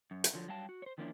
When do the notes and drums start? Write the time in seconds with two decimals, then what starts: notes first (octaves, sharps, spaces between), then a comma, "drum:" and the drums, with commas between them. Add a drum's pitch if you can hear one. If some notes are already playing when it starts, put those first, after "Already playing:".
0.11 F#2
0.24 drum: hi-hat
0.34 D3 F3 F#3
0.48 F#3 G3 F5 G5 A5
0.69 F#4
0.82 C5 C#5
0.98 D#3 F3 A#3 C#4 D4 E4